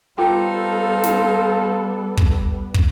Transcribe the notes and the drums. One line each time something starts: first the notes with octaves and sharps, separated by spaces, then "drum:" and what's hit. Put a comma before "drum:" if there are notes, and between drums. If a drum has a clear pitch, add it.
G3 B3 D#4 F4 A4 C5 F5 G5
drum: snare
drum: kick
drum: kick